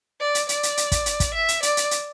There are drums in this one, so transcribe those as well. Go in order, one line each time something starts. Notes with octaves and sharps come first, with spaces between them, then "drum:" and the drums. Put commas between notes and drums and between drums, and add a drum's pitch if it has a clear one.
D5
drum: hi-hat
D5, drum: hi-hat
drum: hi-hat
drum: hi-hat
drum: kick, hi-hat
drum: hi-hat
drum: kick, hi-hat
E5
drum: hi-hat
D5, drum: hi-hat
drum: hi-hat
drum: hi-hat